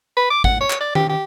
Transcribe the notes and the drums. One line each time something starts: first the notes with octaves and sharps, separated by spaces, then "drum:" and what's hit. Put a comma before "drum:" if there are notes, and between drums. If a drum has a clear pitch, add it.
B4
D6
F#5, drum: kick
C#5
drum: clap
D5
G4, drum: tom D#3
G4